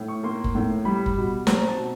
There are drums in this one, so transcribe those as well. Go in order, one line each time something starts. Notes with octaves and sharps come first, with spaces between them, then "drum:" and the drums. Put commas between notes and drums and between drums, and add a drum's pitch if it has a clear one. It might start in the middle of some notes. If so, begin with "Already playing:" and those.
Already playing: A2
C#6
A#3 C6
drum: kick F#1
A2
G3 B5
drum: kick F#1
B2
C4 A#5, drum: snare
A5
B2